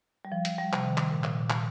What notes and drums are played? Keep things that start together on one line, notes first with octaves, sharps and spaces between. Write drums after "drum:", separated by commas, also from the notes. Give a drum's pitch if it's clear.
G3
F3
drum: hi-hat
G3
C3, drum: clap
D#3
drum: clap
A#2
drum: clap
A#2
drum: clap